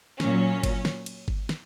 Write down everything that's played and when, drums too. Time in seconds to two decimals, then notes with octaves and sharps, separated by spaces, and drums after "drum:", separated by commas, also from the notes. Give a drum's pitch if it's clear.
0.20 A#2 F#3 C#4, drum: snare
0.63 drum: kick G1, cymbal
0.85 drum: snare
1.06 drum: cymbal
1.28 drum: kick G1
1.49 drum: snare